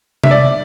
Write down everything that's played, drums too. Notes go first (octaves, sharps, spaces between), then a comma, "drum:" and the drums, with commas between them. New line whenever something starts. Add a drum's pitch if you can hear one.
E5, drum: tom C3
D5